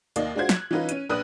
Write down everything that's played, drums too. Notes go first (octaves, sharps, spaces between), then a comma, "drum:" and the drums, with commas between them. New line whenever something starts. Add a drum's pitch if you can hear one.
D#2 A#3 D5 D#5, drum: hi-hat
G#3 D4 F4 F#4 C5 G#6
F#6, drum: snare
E3 C#4 D#4 F4 B4
C#4 D#7, drum: hi-hat
A#1 D4 B4 D#6 F#6 D#7